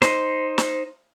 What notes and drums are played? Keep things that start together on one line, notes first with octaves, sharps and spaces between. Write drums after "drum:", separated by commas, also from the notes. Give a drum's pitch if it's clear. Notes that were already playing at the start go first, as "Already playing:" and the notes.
D#4 C5, drum: snare
drum: snare